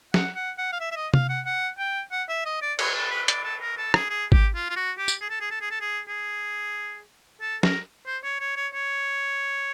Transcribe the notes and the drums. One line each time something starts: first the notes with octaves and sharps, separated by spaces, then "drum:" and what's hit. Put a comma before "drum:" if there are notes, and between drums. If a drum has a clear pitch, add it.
F#5, drum: snare
F#5
F#5
F5
E5
E5
D#5
F5, drum: tom C3
F#5
F#5
G5
F#5
E5
D#5
D5
C#5, drum: cymbal
A4
B4
D5, drum: hi-hat
A4
A#4
A4
G#4, drum: rim click
G#4
G4, drum: kick G#1
F4
F4
F#4
G4
drum: tambourine
G#4
A4
G#4
A4
G#4
A4
G#4
G#4
A4
A#4, drum: snare
C5
C#5
C#5
C#5
C#5